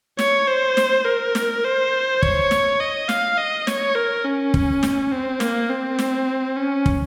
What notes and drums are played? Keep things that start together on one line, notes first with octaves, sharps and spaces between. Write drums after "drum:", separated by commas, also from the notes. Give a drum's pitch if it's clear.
C#5, drum: snare
C5
drum: snare
A#4
drum: snare
C5
C#5, drum: kick
drum: snare
D#5
F5, drum: snare
D#5
C#5, drum: snare
A#4
C#4
drum: kick
drum: snare
C4
A#3, drum: snare
C4
drum: snare
C#4
drum: kick